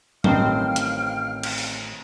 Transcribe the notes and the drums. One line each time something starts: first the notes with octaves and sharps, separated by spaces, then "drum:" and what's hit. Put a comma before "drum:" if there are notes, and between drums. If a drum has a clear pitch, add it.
A1 A2 D#3 C4 F5 G5 F6, drum: tom F#3
drum: hi-hat
drum: cymbal
drum: open hi-hat